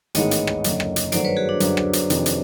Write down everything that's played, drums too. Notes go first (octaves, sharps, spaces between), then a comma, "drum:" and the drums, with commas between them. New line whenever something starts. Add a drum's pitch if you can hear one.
A1 G#2 D#3 G#3 B3 C#5 D#5, drum: hi-hat
drum: hi-hat
drum: rim click
F#1 F#2 D3, drum: hi-hat
drum: rim click
drum: hi-hat
G2 D#3 F#3 A3 C5 D5, drum: hi-hat
B4 C#5
F#4 G#4
D4
F#2 D3 G3, drum: hi-hat
drum: rim click
drum: hi-hat
F2 C3 D#3, drum: hi-hat
drum: hi-hat